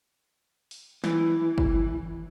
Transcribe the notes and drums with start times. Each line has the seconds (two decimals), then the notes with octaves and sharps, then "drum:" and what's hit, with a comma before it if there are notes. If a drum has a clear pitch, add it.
0.71 drum: open hi-hat
1.04 E3, drum: snare
1.58 drum: kick